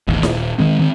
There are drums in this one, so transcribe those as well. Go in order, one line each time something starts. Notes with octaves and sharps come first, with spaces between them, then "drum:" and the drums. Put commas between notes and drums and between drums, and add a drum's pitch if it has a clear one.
E1 A1 D#2
D#1, drum: snare E4
D#3 G#3 C4
D#3 C4